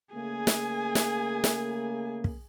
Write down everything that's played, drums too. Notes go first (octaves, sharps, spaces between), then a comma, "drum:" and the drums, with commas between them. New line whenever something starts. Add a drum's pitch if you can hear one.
C#3 A3 A#3 G#4 G#5
drum: snare
drum: snare
drum: snare
drum: kick